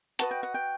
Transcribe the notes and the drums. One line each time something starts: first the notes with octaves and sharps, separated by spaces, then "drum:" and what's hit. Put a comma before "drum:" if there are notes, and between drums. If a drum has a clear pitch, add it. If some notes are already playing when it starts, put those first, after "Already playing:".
F#4 B4 D#5 A5, drum: hi-hat
G5
F#5
G5